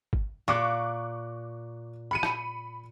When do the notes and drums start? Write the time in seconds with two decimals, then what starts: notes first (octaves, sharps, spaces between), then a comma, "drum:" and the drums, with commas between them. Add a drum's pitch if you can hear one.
0.13 drum: kick
0.48 A#2 C#6 D6 F#6
2.11 B5 C#7 D#7
2.23 drum: rim click